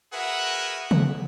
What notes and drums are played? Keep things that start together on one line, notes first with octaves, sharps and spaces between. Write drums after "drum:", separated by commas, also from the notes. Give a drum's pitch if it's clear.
F#4 G#4 A#4 B4 E5 F#5
drum: tom C#3